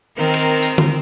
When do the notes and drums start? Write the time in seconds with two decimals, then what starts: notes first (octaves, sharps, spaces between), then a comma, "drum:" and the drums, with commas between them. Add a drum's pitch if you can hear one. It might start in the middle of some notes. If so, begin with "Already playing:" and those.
0.17 D#3 C4 A#4
0.34 drum: cymbal
0.63 drum: tambourine
0.78 drum: tom D3